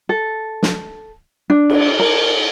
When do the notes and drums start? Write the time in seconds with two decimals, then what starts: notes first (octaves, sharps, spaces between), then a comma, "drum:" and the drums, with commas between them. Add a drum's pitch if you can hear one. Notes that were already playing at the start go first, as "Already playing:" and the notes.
0.09 A4
0.63 drum: snare
1.50 D4
1.70 drum: cymbal
2.00 A#4